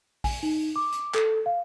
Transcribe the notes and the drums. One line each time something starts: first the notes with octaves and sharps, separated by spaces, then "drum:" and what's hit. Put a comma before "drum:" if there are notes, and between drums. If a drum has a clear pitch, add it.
G#5, drum: kick A#1, open hi-hat
D#4
D6
drum: hi-hat
A4, drum: clap
F5